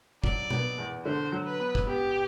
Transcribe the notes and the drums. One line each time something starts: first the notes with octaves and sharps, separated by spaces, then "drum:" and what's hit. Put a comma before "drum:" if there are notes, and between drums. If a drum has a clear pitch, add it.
F#3 D5, drum: kick
B3, drum: tom B2
E2
D3 C5
F#3
B4
B3
drum: kick
B3 G4